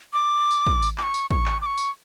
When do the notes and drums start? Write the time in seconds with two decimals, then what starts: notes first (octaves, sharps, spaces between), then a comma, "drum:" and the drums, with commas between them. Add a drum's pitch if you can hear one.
0.13 D6
0.51 drum: tambourine
0.67 drum: kick
0.82 drum: tambourine
0.98 D6, drum: clap
1.02 C#6
1.14 drum: tambourine
1.31 C#6, drum: kick
1.46 drum: clap
1.62 D6
1.66 C#6
1.77 drum: tambourine